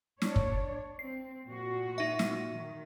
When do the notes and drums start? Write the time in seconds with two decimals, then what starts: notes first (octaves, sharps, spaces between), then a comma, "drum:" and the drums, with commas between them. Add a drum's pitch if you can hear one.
0.22 D4 C#5, drum: snare
0.36 drum: kick
0.99 C4 C7
1.47 A#2 F#4
1.98 D#4 E5
2.19 drum: snare
2.52 D#3